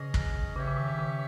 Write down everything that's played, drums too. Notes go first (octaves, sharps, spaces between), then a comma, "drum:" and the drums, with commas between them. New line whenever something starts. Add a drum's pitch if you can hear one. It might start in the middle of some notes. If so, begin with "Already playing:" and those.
Already playing: C#3 C#4 G#4 D#5
drum: kick
C#3 C#4 G4 C#5 E5
C#3
D#3
D#3
C#3